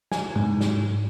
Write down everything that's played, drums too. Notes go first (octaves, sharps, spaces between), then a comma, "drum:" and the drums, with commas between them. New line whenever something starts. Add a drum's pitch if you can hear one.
G#5, drum: snare
G#2, drum: tom C3
drum: snare